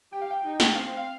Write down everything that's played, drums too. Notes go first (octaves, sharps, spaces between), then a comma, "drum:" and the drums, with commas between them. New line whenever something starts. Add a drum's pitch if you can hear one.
G4 G5
F5
G5
D#4
drum: snare
C4 F5
F5